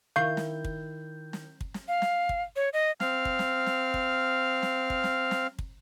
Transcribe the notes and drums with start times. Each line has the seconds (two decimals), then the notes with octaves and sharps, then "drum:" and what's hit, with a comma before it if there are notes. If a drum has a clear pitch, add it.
0.16 D#3 E4 F5 C#6 G6 C7
0.37 drum: snare
0.65 drum: kick
1.33 drum: snare
1.61 drum: kick
1.74 drum: snare
1.88 F5
2.02 drum: snare
2.29 drum: kick
2.56 C#5
2.73 D#5
3.00 C4 F5 F6, drum: snare
3.25 drum: kick
3.39 drum: snare
3.66 drum: snare
3.94 drum: kick
4.63 drum: snare
4.90 drum: kick
5.04 drum: snare
5.31 drum: snare
5.59 drum: kick